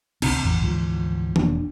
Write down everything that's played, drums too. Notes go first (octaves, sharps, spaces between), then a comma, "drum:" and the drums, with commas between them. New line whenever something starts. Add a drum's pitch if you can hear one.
D2 C3 C4, drum: cymbal
A1 E2 E3
D2 G#2 E3 F3
E1 D4, drum: tom D#3